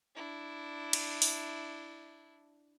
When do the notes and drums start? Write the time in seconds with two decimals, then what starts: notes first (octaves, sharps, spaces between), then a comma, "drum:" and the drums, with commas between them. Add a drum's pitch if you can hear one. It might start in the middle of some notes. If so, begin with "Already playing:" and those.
0.15 D4 E4
0.93 drum: cymbal
1.22 drum: open hi-hat